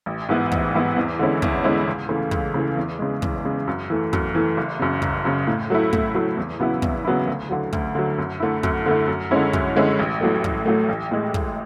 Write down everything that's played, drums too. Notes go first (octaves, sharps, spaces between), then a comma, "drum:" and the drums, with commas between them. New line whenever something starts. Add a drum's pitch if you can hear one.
A1
G#2 E3 B3 E4
A1, drum: kick
G#2 E3 B3 E4
E2
D3 G#3 C#4 E4
E2, drum: kick
D3 G#3 C#4 E4
C#2
C#3 E3 A3
C#2, drum: kick
C#3 E3 A3
E2
C#3 G#3
E2, drum: kick
C#3 G#3
F#2
E3 A3
F#2, drum: kick
E3 A3
F#1
F#2 C#3
F#1, drum: kick
F#2 C#3
A2
F#3 A3 E4
A2, drum: kick
F#3 A3 E4
E2
C#3 F#3 B3 E4
E2, drum: kick
C#3 F#3 B3 E4
D2
D3 F#3
D2, drum: kick
D3 F#3
F#2
D3 A3 E4
F#2, drum: kick
D3 A3 E4
F#2
D3 G#3 C#4 E4
F#2, drum: kick
D3 G#3 C#4 E4
A1
A2 F#3 A3
A1, drum: kick
A2 F#3 A3
A1
A2 G#3
A1, drum: kick